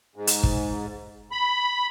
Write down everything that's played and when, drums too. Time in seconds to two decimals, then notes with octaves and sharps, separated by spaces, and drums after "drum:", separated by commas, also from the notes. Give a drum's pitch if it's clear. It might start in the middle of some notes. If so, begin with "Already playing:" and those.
0.16 G#2
0.27 drum: hi-hat
0.43 drum: kick
1.32 B5